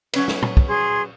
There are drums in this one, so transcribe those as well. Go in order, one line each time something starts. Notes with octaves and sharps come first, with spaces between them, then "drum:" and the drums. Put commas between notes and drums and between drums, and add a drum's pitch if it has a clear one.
F#3 C#4 B4, drum: cymbal
drum: snare
drum: tom
drum: kick
G#4 C6 G#6